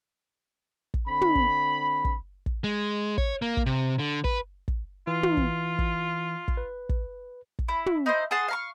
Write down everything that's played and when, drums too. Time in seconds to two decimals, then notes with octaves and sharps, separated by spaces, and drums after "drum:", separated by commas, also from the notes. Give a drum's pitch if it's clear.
0.94 drum: kick
1.08 D3 C4 B5
1.21 drum: tom
1.35 drum: kick
2.05 drum: kick
2.46 drum: kick
2.64 G#3
3.18 C#5, drum: kick
3.42 A#3
3.57 drum: kick
3.66 C3
3.99 D3
4.24 B4, drum: kick
4.68 drum: kick
5.07 E3 F4
5.23 drum: tom
5.37 drum: kick
5.79 drum: kick
6.48 drum: kick
6.57 B4
6.89 drum: kick
7.59 drum: kick
7.68 E4
7.86 drum: tom
8.06 D#4 E4 C5
8.31 G#4 F#5 A5 C6
8.48 F5 A#5 C#6